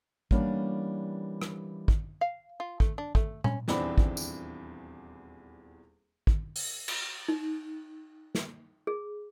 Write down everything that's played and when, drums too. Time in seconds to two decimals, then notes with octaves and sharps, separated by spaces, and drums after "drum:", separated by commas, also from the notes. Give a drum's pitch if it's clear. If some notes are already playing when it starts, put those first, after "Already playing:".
0.31 E3 G3 A#3 B3 C#4 D4, drum: kick
1.42 drum: rim click
1.88 drum: kick
2.21 F5
2.60 F4
2.80 A3, drum: kick
2.98 D4
3.15 A3, drum: kick
3.44 C#4, drum: tom A#2
3.68 D#1 E2 C4 D4 B5, drum: snare
3.98 drum: kick
4.17 drum: tambourine
6.27 drum: kick
6.56 drum: open hi-hat
6.88 drum: cymbal
7.28 D#4
8.35 drum: snare
8.87 G#4